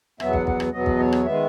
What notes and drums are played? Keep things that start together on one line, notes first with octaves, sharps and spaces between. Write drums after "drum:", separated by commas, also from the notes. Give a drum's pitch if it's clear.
E2 B2 F#3 B3 E5, drum: rim click
F#5, drum: kick
F#5, drum: kick
drum: rim click
E2 B2 F#3 B3 D#5
drum: kick
C#5
drum: rim click
D#3 G#3 B3 E5